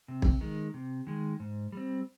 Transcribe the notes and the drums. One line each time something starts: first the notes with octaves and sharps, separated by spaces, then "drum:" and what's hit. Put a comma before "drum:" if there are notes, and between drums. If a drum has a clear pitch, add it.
C3
drum: kick
D#3 G#3
C3
D#3 G#3
G#2
G3 C4